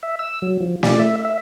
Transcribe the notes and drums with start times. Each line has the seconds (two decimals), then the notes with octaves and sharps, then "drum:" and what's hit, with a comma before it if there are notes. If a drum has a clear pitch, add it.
0.03 E5
0.19 E6
0.42 F#3
0.61 F3
0.83 D5, drum: snare
0.99 E5
1.25 E5